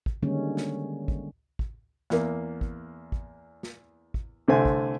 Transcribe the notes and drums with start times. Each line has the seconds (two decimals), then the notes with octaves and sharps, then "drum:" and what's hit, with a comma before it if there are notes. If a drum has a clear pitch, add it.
0.06 drum: kick
0.22 D3 D#3 G3 G#3 A#3 C#4
0.57 drum: snare
1.08 drum: kick
1.59 drum: kick
2.10 E2 A#3, drum: snare
2.61 drum: kick
3.12 drum: kick
3.63 drum: snare
4.14 drum: kick
4.48 C2 D3 A3 C4 G#5
4.65 drum: kick